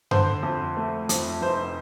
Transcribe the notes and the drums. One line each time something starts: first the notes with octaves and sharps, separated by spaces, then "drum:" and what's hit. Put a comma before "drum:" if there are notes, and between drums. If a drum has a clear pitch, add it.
D3 C5, drum: tom F#2
F2
A3
F2, drum: hi-hat
F1 C5